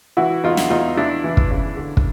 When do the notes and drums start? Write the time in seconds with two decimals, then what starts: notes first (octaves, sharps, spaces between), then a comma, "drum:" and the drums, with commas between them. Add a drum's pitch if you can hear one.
0.17 E3 E4 F#4
0.44 E2 D#4 F4
0.57 drum: snare
0.70 E2 D#4 F4
0.97 E3 D4 E4
1.24 E3
1.37 drum: kick
1.51 C#3
1.77 D3
1.97 drum: kick